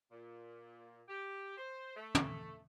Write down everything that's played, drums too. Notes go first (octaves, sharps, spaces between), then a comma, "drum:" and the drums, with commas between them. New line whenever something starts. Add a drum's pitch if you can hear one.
A#2
G4
C5
A3
drum: tom